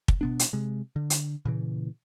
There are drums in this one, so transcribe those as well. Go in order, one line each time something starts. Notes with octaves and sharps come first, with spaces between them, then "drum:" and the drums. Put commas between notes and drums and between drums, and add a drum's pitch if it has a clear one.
drum: kick
B2 B3 D4
drum: hi-hat
C3 G#3
D3
drum: hi-hat
A#2 C#3 E3